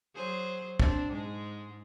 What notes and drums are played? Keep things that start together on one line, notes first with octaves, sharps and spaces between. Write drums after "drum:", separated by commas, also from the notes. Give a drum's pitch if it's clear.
F#3 G#4 C5
C4 D4, drum: kick
G#2 G#3